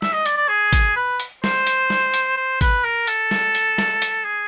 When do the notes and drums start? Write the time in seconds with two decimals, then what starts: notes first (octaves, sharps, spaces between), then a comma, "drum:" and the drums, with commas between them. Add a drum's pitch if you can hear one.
0.02 E5, drum: snare
0.13 D#5
0.26 D5, drum: hi-hat
0.37 D5
0.48 G#4
0.73 drum: kick G#1, hi-hat
0.96 B4
1.20 drum: hi-hat
1.44 C5, drum: snare
1.67 drum: hi-hat
1.90 drum: snare
2.14 drum: hi-hat
2.37 C5
2.61 B4, drum: kick G#1, hi-hat
2.84 A#4
3.07 A4, drum: hi-hat
3.31 drum: snare
3.55 drum: hi-hat
3.78 drum: snare
4.02 drum: hi-hat
4.25 G#4